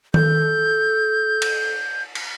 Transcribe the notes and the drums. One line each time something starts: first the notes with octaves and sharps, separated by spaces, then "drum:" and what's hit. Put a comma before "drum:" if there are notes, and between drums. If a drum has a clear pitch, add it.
A4 G6, drum: tom D#3
drum: cymbal
drum: cymbal